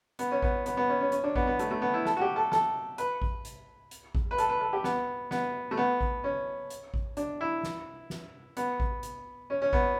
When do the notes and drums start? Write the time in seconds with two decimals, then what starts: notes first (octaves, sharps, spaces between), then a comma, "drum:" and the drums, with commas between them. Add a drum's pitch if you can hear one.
0.19 B3, drum: hi-hat
0.31 C#4
0.43 B3, drum: kick A1
0.66 B3, drum: hi-hat
0.77 B3
0.89 C#4
1.01 C#4
1.12 C#4, drum: hi-hat
1.24 D4
1.36 B3, drum: kick A1
1.47 B3
1.59 A3, drum: hi-hat
1.71 A3
1.82 B3
1.94 E4
2.05 A4, drum: snare
2.16 F#4
2.21 G4
2.36 A4
2.52 A4, drum: snare
2.98 B4, drum: hi-hat
3.22 drum: kick A1
3.45 drum: hi-hat
3.91 drum: hi-hat
4.15 drum: kick A1
4.31 B4
4.38 A4, drum: hi-hat
4.49 B4
4.61 A4
4.73 G4
4.84 B3, drum: snare
5.31 B3, drum: snare
5.71 A3
5.77 B3
6.01 drum: kick A1
6.24 C#4
6.70 drum: hi-hat
6.94 drum: kick A1
7.17 D4, drum: hi-hat
7.41 E4
7.63 drum: snare
8.10 drum: snare
8.57 B3, drum: hi-hat
8.80 drum: kick A1
9.03 drum: hi-hat
9.50 C#4
9.62 C#4
9.73 B3, drum: kick A1